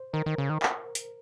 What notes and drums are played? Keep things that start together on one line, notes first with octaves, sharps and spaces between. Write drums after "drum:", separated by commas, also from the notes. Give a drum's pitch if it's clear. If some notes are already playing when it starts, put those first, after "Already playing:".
Already playing: C5
D#3 A#4
D#3
C#3
D#3
drum: clap
drum: hi-hat